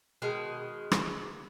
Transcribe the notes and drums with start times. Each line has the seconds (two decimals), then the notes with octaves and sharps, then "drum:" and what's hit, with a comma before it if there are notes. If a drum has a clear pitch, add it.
0.22 B2 D#3 G#3
0.92 drum: rim click